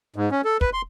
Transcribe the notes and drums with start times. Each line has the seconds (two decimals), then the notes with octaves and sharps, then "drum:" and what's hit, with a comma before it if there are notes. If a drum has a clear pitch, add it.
0.16 G#2
0.31 C#4
0.45 A4
0.61 B4, drum: kick
0.73 C6